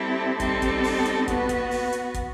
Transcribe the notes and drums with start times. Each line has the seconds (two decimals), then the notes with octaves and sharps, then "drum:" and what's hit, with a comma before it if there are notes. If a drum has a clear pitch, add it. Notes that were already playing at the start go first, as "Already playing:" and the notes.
Already playing: G3 C4 E4 A4
0.40 G3 C4 D#4 A4, drum: kick, hi-hat
0.62 drum: kick, hi-hat
0.84 drum: open hi-hat
1.06 drum: hi-hat
1.28 B3 F#4 B4, drum: kick, hi-hat
1.49 drum: kick, hi-hat
1.71 drum: open hi-hat
1.93 drum: hi-hat
2.14 drum: kick, hi-hat